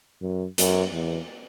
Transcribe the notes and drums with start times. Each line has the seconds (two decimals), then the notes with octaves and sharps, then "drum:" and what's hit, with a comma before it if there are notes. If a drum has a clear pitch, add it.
0.22 F#2
0.58 F#2, drum: hi-hat
0.93 E2